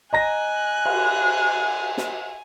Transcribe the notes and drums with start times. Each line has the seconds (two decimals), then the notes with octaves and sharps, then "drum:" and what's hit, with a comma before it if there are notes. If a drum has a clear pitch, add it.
0.13 D#5 G#5 A#5 F#6 A#6
0.85 drum: cymbal
1.97 drum: snare